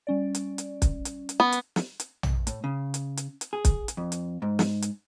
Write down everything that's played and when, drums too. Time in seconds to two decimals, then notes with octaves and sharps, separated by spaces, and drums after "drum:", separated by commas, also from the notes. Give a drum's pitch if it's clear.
0.07 G3 C#4 D5
0.35 drum: hi-hat
0.58 drum: hi-hat
0.82 drum: kick, hi-hat
1.05 drum: hi-hat
1.29 drum: hi-hat
1.40 B3
1.52 drum: hi-hat
1.76 drum: snare
2.00 drum: hi-hat
2.23 drum: tom
2.47 A2, drum: hi-hat
2.64 C#3
2.94 drum: hi-hat
3.17 drum: hi-hat
3.41 drum: hi-hat
3.53 G#4
3.65 drum: kick, hi-hat
3.88 drum: hi-hat
3.97 F2
4.12 drum: hi-hat
4.42 G#2
4.59 drum: snare
4.82 drum: hi-hat